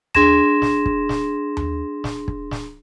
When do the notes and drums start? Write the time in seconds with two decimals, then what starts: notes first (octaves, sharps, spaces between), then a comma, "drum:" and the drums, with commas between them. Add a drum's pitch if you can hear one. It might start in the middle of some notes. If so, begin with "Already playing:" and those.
0.15 D4 G#4 C6 G#6 A#6 E7, drum: tom D#2
0.62 drum: snare
0.86 drum: kick
1.09 drum: snare
1.57 drum: tom D#2
2.04 drum: snare
2.28 drum: kick
2.51 drum: snare